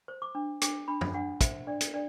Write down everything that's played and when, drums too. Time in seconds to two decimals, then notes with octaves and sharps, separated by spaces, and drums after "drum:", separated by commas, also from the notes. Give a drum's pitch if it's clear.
0.08 C5
0.22 D6
0.35 D4
0.61 D4 D6, drum: hi-hat
0.88 D4 B5
1.01 drum: tom
1.14 D4 F#5
1.41 C5 E5, drum: kick, hi-hat
1.67 D4 D5
1.81 drum: hi-hat
1.94 D4 D5